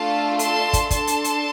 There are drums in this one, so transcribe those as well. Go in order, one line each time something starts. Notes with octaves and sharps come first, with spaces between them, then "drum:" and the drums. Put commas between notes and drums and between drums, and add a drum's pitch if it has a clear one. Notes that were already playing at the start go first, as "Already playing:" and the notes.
Already playing: A3 D4 F4 A4 F5 A5
A5 C6, drum: hi-hat
drum: kick, hi-hat
D4 A4 A5 C6, drum: kick, hi-hat
drum: hi-hat
drum: hi-hat